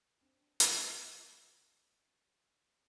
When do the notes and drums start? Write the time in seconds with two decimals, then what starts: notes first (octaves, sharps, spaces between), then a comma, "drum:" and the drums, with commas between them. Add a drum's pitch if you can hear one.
0.21 C4 D4
0.60 drum: hi-hat